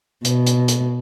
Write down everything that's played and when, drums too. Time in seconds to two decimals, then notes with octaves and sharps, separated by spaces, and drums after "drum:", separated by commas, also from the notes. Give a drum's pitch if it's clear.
0.25 B2, drum: hi-hat
0.47 drum: hi-hat
0.68 drum: hi-hat